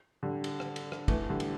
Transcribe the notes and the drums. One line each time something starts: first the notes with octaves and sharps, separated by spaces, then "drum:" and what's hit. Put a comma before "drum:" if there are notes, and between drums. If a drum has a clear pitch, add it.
D3 G3
drum: cymbal
drum: rim click
drum: cymbal
drum: rim click
E3 A3, drum: kick, cymbal
D3 G3
drum: cymbal